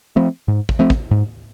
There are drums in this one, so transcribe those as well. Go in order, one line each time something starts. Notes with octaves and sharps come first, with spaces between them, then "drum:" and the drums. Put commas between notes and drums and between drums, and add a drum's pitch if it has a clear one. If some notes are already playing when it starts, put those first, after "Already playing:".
F3 A3 C4
G#2
drum: kick
F3 A3 C4
drum: kick
G#2